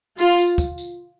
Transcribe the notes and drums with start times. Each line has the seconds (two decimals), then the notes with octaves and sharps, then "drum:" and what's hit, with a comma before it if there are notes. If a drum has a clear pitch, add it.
0.19 F4, drum: tambourine
0.38 drum: tambourine
0.58 drum: kick, tambourine
0.78 drum: tambourine